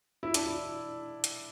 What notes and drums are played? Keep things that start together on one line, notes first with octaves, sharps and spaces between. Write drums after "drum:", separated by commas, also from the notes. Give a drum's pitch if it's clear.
E4
D4, drum: hi-hat
E4
drum: hi-hat